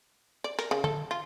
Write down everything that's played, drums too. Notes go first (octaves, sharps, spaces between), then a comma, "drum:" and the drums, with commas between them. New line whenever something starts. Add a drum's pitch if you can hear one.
D5
A#4, drum: hi-hat
C#3
A4, drum: tom D3
F4